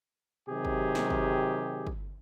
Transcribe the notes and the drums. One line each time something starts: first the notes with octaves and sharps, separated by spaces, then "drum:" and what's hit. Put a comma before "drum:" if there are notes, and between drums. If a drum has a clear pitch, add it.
C3 D#3 F#3 G4 G#4
drum: kick
drum: snare
drum: kick
drum: kick